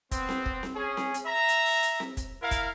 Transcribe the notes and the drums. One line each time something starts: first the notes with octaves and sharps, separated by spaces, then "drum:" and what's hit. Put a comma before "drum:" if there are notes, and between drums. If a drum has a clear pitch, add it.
B3 C4, drum: kick, hi-hat
drum: snare C4
drum: kick
drum: snare C4
C#4 G#4
drum: snare C4
drum: hi-hat
E5 A#5
drum: hi-hat
drum: open hi-hat
drum: hi-hat
drum: snare C4
drum: kick, hi-hat
E4 A#4 F5
drum: kick, hi-hat